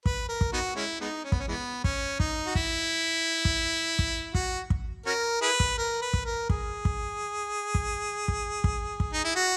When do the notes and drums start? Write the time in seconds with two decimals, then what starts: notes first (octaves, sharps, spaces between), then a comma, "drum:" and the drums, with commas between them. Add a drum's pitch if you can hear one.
0.06 B4, drum: kick
0.29 A#4
0.41 drum: kick
0.53 B3 D#4 F#4
0.76 G#3 C#4 E4
1.01 G#3 B3 D#4
1.24 C#4
1.32 B3, drum: kick
1.39 C#4
1.48 E3 G#3 B3
1.84 C#4, drum: kick
2.20 D#4, drum: kick
2.47 F#4
2.55 E4, drum: kick
3.45 drum: kick
3.99 drum: kick
4.35 F#4, drum: kick
4.70 drum: kick
5.06 C#4 F#4 A#4
5.42 E4 G#4 B4
5.60 drum: kick
5.78 A#4
6.02 B4
6.14 drum: kick
6.25 A#4
6.50 G#4, drum: kick
6.85 drum: kick
7.75 drum: kick
8.28 drum: kick
8.64 drum: kick
9.00 drum: kick
9.13 D#4
9.25 E4
9.36 F#4